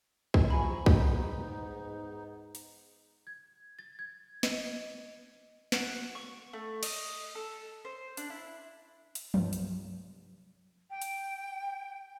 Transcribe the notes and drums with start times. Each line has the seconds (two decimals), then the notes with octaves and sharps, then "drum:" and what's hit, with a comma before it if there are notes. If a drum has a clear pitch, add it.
0.34 drum: kick B1
0.50 F3 G#5 A#5 B5 C#6
0.86 G#2 B3 D#4, drum: kick B1
2.55 drum: hi-hat
3.27 G#6
3.79 A6
3.99 G#6
4.43 D#5, drum: snare
5.72 F#4, drum: snare
6.15 C#6
6.53 A3
6.83 D#5, drum: cymbal
7.35 A4
7.85 C5
8.17 D4, drum: hi-hat
8.30 E4
9.15 drum: hi-hat
9.34 C2 G2 F3, drum: tom F3
9.53 drum: hi-hat
10.90 G5
11.02 drum: hi-hat